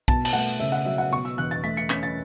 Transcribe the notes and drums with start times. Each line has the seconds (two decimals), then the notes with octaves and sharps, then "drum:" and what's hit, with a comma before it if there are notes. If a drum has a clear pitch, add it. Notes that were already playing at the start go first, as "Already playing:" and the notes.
0.08 B2 A5, drum: kick
0.25 A5, drum: cymbal
0.33 A3 F#5
0.60 C#3 E5
0.72 F#5
0.85 F#3 E5
0.98 F#5
1.12 B2 C#6
1.25 E6
1.38 E1 F#6
1.51 A6
1.64 A3 B6
1.77 C#7
1.90 C#4 B6, drum: clap
2.03 A6